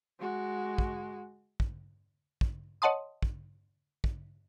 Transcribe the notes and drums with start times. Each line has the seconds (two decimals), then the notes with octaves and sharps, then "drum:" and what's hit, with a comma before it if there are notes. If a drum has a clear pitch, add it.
0.20 G#3 F#4
0.78 drum: kick
1.60 drum: kick
2.41 drum: kick
2.82 C#5 D#5 F#5 A5 C6 D#6
3.22 drum: kick
4.04 drum: kick